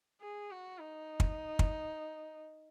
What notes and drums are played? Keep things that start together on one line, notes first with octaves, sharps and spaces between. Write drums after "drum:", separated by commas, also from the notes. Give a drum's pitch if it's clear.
G#4
F#4
D#4
drum: kick
drum: kick